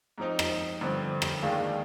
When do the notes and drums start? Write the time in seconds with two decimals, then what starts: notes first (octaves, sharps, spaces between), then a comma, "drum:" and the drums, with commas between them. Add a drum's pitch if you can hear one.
0.18 G#2 F3 C4 D#4
0.39 drum: rim click
0.81 G2 D3 F3 C4
1.22 drum: rim click
1.43 D#2 D#3 G#3 D4 F4